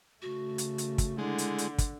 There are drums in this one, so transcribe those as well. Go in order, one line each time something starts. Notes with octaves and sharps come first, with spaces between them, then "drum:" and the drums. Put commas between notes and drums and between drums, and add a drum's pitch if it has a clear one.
C#3 A3 F#4
drum: hi-hat
drum: hi-hat
drum: kick, hi-hat
D3 G#3 E4
drum: hi-hat
drum: hi-hat
drum: kick, hi-hat